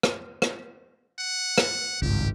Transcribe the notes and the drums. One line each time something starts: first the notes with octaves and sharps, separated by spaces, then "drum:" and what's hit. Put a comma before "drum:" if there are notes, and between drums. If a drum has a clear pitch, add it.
drum: rim click
drum: rim click
F#5
drum: rim click
G#1 C#2 G2 G4